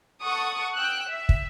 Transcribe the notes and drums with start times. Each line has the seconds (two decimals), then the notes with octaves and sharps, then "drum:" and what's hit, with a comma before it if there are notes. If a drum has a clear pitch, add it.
0.21 A4 F#5 C#6 D#6
0.75 G5 E6 F#6
1.09 E5
1.29 drum: kick